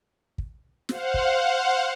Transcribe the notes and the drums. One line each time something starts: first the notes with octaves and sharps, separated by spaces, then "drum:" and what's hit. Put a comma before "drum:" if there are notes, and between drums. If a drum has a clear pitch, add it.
drum: kick
C5 F5 F#5, drum: snare
drum: kick